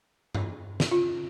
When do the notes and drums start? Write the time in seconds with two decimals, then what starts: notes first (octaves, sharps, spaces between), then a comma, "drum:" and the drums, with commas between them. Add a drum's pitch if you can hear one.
0.35 drum: tom G2
0.80 drum: snare
0.91 F4